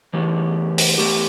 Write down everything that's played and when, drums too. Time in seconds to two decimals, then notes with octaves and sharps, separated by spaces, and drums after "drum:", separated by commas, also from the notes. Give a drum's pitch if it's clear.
0.13 E2 E3 A3 G4
0.78 drum: open hi-hat
0.98 E2 E3 A3 G4